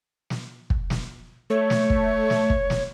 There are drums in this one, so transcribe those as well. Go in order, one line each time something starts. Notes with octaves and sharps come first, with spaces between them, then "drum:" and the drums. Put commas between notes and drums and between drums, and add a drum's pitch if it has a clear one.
drum: snare
drum: kick
drum: snare
A3 C#5
drum: snare
drum: kick
drum: snare
drum: kick
drum: snare